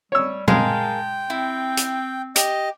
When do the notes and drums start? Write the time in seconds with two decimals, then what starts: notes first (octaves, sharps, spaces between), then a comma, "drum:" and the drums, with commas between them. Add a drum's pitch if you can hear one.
0.12 G3 C#5 E6
0.48 G#3 G#4 A#4 F5 G5 A5, drum: tom A#2
1.30 C4 E4
1.77 drum: hi-hat
2.36 G4 D#5, drum: hi-hat